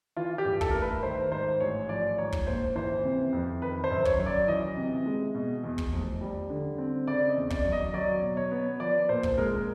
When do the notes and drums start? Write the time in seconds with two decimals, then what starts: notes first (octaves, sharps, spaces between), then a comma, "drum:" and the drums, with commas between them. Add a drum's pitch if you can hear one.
0.17 E3 F4
0.38 G4
0.45 G2
0.61 A4, drum: kick
0.71 A3 A#4
0.81 B4
1.03 D#3 C5
1.32 G#2 C5
1.60 A1 C#5
1.89 F3 D5
2.18 G#2 C#5
2.32 drum: kick
2.47 A#1 C5
2.75 E3 C5
3.04 C3
3.33 F2
3.62 D#3 B4
3.84 C5
3.91 F#2
4.05 C#5, drum: kick
4.19 F#3
4.26 D5
4.48 E3 D#5
4.77 C3
5.06 G#3
5.35 B2
5.63 E2
5.78 drum: kick
5.92 F1
6.21 G3
6.50 D3
6.78 C4
7.07 C#3 D5
7.29 D#5
7.36 E2
7.50 D5, drum: kick
7.65 F#3
7.72 D#5
7.94 F#3 D5
8.22 B2
8.37 C#5
8.52 B3
8.80 F3 D5
9.09 A#2 C5
9.23 drum: kick
9.38 G#3 A#4